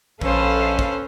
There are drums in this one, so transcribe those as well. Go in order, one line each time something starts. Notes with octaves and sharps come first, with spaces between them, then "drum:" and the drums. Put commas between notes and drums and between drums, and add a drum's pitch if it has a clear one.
A#1 C#4 A4 B4 C5 F5, drum: kick
drum: kick